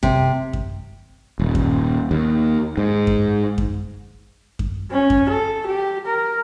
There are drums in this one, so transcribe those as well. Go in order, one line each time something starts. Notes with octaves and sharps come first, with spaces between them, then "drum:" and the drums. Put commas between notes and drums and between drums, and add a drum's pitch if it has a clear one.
C3, drum: kick F#2
drum: kick F#2
D#1
drum: kick F#2
D#2
G#2
drum: kick F#2
drum: kick F#2
drum: kick F#2
C#4
drum: kick F#2
A4
G4
A#4